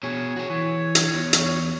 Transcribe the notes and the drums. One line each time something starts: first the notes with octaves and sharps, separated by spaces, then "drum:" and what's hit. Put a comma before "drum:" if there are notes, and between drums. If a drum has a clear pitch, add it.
B2 G#4 C#5
F#4 G#4
E3
drum: hi-hat
E2
drum: hi-hat